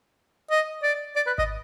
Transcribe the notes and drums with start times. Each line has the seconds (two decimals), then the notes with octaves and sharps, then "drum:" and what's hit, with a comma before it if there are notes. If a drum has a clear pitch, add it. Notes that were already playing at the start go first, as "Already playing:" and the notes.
0.51 D#5
0.83 D5
1.16 D5
1.27 B4
1.38 D#5, drum: kick G#1